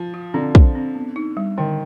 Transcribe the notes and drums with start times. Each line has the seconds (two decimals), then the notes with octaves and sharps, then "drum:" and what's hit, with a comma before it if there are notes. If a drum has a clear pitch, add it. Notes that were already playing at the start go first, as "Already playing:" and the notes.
Already playing: F3
0.14 F4
0.34 D3 C4
0.55 C5, drum: kick
0.75 C4
0.95 B3
1.16 D#4
1.37 G3
1.58 D3 D#3